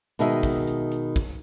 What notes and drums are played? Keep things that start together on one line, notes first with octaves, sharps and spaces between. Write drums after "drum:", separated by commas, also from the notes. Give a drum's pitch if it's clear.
B2 D#3 G#3 D#4 E5, drum: hi-hat
drum: kick, hi-hat
drum: hi-hat
drum: hi-hat
drum: kick, hi-hat